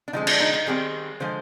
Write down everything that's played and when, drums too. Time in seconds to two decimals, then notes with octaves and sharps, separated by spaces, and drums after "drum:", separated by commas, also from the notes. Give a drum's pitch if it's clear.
0.08 D4
0.13 D3 F3 G#3 C4 D#4
0.27 D4, drum: cymbal
0.40 D#4
0.53 D#4
0.66 D#3 G3 C4 G#4
1.20 D3 F3 G#3 C5